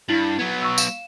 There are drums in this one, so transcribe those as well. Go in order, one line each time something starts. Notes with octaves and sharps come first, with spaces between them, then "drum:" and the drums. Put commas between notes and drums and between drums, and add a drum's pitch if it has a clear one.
G2 E4 A6 F#7
F#3 B3 G#6
C#6 E6
F5 E7, drum: tambourine